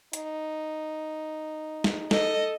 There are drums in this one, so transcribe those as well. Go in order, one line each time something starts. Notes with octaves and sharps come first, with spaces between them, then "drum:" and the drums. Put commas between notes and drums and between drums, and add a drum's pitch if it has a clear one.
D#4, drum: hi-hat
drum: snare
A4 D#5, drum: snare